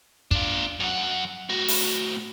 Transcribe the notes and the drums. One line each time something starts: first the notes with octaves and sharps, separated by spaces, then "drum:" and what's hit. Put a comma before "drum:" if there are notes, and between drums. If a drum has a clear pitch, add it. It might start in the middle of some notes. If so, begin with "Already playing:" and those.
D4 F4, drum: kick
F#2 F#5
A2 F#4
drum: open hi-hat